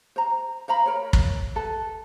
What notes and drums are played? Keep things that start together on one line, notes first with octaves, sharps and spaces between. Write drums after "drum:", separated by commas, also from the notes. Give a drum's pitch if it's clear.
C5 A#5
C5 F5 A#5 B5
A#4 C#5
drum: kick
A4 B4 A5